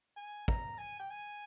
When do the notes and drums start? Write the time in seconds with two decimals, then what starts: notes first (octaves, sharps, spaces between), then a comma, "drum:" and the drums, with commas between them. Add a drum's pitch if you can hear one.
0.17 G#5
0.48 A#5, drum: kick
0.78 G#5
1.00 G5
1.10 G#5